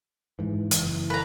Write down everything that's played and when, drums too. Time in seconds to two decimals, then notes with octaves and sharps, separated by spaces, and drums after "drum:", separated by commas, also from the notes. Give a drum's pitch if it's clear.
0.39 G#2 E3
0.71 F#1 E3, drum: hi-hat
1.10 B4 A#5